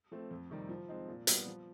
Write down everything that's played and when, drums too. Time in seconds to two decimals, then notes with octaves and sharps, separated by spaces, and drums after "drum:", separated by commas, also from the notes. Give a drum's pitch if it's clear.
0.11 F3 A3 C4
0.31 F2
0.50 C3 D#3 G3
0.69 F3
0.89 G#3 C4 D#4
1.08 A#2
1.27 G3 B3, drum: hi-hat
1.47 F3